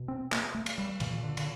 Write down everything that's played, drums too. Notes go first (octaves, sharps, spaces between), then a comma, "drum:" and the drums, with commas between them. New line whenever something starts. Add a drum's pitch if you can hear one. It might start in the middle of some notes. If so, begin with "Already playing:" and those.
Already playing: B2
C4
A#3, drum: clap
A3
drum: cymbal
G3
A#2 E3, drum: cymbal
D3
D3, drum: cymbal